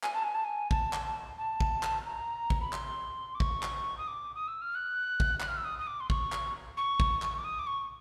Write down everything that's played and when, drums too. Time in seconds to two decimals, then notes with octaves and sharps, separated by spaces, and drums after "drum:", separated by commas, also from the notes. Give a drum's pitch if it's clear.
0.03 G#5, drum: clap
0.14 A5
0.24 G#5
0.34 A5
0.45 G#5
0.71 A5, drum: kick
0.93 drum: clap
1.38 A5
1.60 drum: kick
1.83 drum: clap
2.06 A#5
2.50 drum: kick
2.61 B5
2.73 C6, drum: clap
3.35 D6
3.40 C#6, drum: kick
3.63 drum: clap
3.98 D#6
4.08 D6
4.35 D#6
4.48 E6
4.62 F6
4.75 F#6
5.20 drum: kick
5.40 F#6, drum: clap
5.48 F6
5.57 E6
5.65 D#6
5.79 D#6
5.87 D6
6.00 C6
6.10 C#6, drum: kick
6.32 drum: clap
6.77 C#6
7.00 drum: kick
7.22 drum: clap
7.38 D6
7.44 D#6
7.59 D6
7.67 C#6